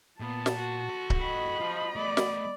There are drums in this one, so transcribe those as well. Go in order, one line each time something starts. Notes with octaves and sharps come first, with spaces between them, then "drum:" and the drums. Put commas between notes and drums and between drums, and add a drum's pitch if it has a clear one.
A#2 B3 A5
drum: snare
F#4
A4 F#5
drum: kick C#1
A4 D#5 G5 B5
F3 F4 F#4
A3 B3 D5
drum: snare